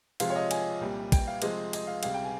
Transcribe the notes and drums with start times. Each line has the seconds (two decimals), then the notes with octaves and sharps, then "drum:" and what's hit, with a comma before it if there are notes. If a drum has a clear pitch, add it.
0.20 C3 F3 G#3 C4 F4 F5, drum: cymbal
0.30 C#5
0.36 D#5
0.51 G#5, drum: cymbal
0.81 C2 A#2 G3
1.12 G5, drum: kick, cymbal
1.27 F5
1.42 C3 F3 G#3 C4 D#5, drum: cymbal
1.73 D#5, drum: cymbal
1.87 F5
2.03 C#2 C3 G3 F5, drum: cymbal
2.14 G5
2.24 G#5